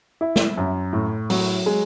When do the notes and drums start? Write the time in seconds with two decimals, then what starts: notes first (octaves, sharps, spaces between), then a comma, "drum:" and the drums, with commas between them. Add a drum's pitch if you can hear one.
0.21 E4
0.36 drum: snare
0.58 F#2
0.93 A2
1.30 F#3, drum: open hi-hat
1.66 G#3